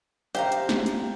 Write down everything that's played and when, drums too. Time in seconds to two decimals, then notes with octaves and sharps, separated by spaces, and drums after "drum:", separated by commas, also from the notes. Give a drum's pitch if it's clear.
0.35 G4 C5 F5 A#5, drum: hi-hat
0.52 drum: hi-hat
0.69 drum: snare
0.86 drum: hi-hat